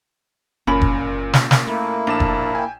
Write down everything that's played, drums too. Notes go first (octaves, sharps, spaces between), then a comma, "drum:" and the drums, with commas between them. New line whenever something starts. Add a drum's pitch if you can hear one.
F#1 A#2 C#4 A#4 B5
drum: kick F1
drum: snare
drum: snare
A3 A#3 E4
A#1 D4 A5 E7
drum: kick F1
G5 G#5